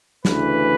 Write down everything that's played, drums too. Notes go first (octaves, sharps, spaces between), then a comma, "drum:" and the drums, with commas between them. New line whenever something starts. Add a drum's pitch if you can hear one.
D2 C#3 E3 B4, drum: snare